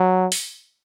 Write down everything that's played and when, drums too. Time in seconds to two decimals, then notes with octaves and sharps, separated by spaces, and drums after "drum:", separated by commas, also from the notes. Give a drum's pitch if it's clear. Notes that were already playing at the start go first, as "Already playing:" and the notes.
Already playing: F#3
0.32 drum: open hi-hat